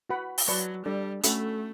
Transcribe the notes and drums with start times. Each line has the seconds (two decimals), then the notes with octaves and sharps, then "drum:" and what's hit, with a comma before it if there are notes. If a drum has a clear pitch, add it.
0.10 F#4 B4 F#5 B5
0.38 drum: open hi-hat
0.48 F#3 B4 D5 A5 C#6
0.86 G3 D4 A4 D5
1.24 A3 C#4 F#4 A4 E5 B5, drum: hi-hat